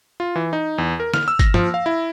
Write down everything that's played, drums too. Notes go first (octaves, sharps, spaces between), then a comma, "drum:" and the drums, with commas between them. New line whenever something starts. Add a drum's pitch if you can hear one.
F4
E3
D#4
E2
A#4
F6, drum: snare
E6
A#6, drum: kick G1, hi-hat
F3, drum: tom
F5
E4